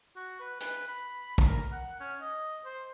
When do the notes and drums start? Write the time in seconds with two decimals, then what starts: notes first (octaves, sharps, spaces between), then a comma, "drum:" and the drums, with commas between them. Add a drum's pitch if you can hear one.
0.16 F#4
0.40 B4
0.60 B4, drum: hi-hat
0.87 B5
1.38 drum: kick
1.47 A#4
1.72 F#5
2.00 C#4
2.21 D#5
2.65 C5